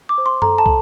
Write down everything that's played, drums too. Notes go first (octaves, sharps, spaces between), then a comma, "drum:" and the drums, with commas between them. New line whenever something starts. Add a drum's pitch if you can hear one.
D6
C5
C6
A4 A#5, drum: tom F#2
A5
A4, drum: kick